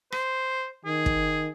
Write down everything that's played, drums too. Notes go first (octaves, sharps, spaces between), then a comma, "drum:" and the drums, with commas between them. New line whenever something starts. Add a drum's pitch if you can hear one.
C5, drum: rim click
D#3 G#4
drum: kick